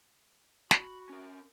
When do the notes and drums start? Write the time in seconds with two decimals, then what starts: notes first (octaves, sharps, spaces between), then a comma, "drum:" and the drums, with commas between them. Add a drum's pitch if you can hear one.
0.71 F#4 B5, drum: snare
1.09 C#4 A#4